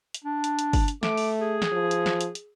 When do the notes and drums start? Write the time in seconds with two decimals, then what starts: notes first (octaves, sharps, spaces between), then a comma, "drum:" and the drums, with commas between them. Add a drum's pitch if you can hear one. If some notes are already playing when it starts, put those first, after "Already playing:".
0.14 drum: hi-hat
0.24 D4
0.44 drum: hi-hat
0.59 drum: hi-hat
0.73 drum: kick G1, open hi-hat
0.88 drum: hi-hat
1.03 A3 D6, drum: snare
1.18 drum: open hi-hat
1.40 G#4
1.62 drum: snare
1.72 F3
1.91 drum: hi-hat
2.06 drum: snare
2.21 drum: hi-hat
2.35 drum: hi-hat